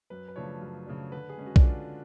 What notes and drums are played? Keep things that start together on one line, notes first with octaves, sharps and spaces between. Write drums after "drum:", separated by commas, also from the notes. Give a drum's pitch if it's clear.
F#2 B4
B4
C#3 F3 A3 D4 C#5
F#2
C#3 F3 A3 D4
D3 B4
G#4
G#3 C#4
F#4
D4, drum: kick B1
D3 F4